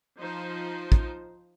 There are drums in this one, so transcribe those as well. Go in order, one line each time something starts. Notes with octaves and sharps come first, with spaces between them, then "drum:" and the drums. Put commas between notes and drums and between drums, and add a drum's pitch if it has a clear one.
F3 D#4 C5
drum: kick